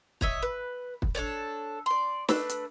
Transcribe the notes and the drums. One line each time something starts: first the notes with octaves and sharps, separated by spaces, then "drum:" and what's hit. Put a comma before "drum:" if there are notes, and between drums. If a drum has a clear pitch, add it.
C#5 D#5 E5, drum: kick
B4
drum: kick
D4 A4 C#5 D5
D5 C6
A3 D4 B4 E6, drum: snare
drum: hi-hat